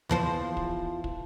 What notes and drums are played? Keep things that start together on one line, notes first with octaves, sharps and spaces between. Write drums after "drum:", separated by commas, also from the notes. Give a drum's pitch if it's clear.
E2 F3 C5, drum: tom D2
drum: kick
drum: kick